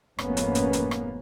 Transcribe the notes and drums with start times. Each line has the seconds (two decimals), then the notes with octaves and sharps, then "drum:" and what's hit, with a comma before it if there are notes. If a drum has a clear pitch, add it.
0.19 F1 G#2 A#3 B3 C#4, drum: rim click
0.37 drum: hi-hat
0.55 drum: hi-hat
0.73 drum: hi-hat
0.91 drum: rim click